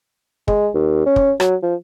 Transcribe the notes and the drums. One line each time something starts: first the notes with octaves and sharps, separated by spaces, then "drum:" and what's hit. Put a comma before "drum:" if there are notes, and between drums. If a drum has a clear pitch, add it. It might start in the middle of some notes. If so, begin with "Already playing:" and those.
G#3, drum: kick
D#2
C#4
drum: kick
F#3, drum: rim click
F3